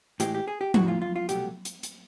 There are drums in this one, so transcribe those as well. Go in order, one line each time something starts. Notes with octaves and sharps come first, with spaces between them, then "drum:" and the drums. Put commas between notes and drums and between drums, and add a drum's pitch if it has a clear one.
A2 E3 G#3 G4, drum: hi-hat
G4
G#4
G4
A2 E3 G#3 F#4, drum: tom F3
F4
F4
F4
C2 B2 F#3 A3 G4, drum: hi-hat
drum: hi-hat
drum: hi-hat